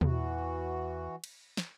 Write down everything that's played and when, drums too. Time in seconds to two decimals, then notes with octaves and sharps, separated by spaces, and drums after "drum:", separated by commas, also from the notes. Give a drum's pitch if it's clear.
0.01 E2 E3 F#4, drum: tom
1.24 drum: cymbal
1.57 drum: snare